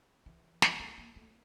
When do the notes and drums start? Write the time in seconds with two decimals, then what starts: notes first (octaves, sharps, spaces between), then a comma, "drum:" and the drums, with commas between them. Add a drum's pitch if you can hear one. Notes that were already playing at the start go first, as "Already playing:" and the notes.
0.26 E3
0.62 F3, drum: snare
0.80 A3
0.98 A#3
1.16 A3